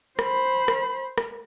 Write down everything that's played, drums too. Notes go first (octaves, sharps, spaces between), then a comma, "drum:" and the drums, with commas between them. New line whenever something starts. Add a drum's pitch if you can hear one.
C5 B5, drum: rim click
drum: rim click
drum: rim click